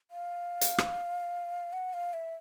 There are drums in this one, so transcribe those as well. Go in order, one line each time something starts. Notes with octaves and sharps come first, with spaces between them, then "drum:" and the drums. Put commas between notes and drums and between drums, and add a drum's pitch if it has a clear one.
F5
drum: hi-hat
drum: rim click
F#5
F5
E5